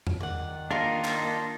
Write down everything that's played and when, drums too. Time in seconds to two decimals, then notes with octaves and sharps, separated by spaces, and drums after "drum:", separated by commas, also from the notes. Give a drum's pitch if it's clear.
0.07 drum: tom E2
0.21 D#3 D5 F#5
0.71 A#3 D4 D#4 F4 A#4 F5 C6
1.05 drum: clap